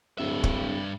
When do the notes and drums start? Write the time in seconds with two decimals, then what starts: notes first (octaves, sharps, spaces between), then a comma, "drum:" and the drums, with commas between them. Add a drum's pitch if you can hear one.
0.18 D1 G2 E5
0.44 drum: kick